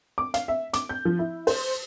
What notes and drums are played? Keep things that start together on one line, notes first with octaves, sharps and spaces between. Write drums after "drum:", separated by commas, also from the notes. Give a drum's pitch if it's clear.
D6
F5, drum: hi-hat
E5
D6, drum: hi-hat
G6
F3
E4
C5, drum: open hi-hat